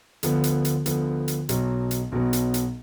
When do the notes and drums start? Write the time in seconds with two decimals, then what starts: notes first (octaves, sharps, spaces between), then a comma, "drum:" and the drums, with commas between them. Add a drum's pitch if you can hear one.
0.23 D2 D3 F3 B3, drum: hi-hat
0.44 drum: hi-hat
0.65 drum: hi-hat
0.86 D2 D3 F3 B3, drum: hi-hat
1.28 drum: hi-hat
1.49 B1 B2 F#3 B3, drum: hi-hat
1.91 drum: hi-hat
2.12 B1 B2 F#3 B3
2.33 drum: hi-hat
2.54 drum: hi-hat